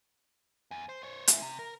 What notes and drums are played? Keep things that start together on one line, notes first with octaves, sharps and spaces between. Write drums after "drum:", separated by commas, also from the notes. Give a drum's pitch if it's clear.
E2
C5
C5 C#5
G#3 E4, drum: hi-hat
C3
A#4